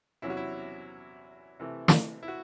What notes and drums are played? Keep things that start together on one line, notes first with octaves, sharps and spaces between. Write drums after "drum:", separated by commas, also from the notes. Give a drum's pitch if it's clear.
E2 C3 F#3 C#4 E4
F#4
E4
C3 E3 A3
drum: snare
E4
F#4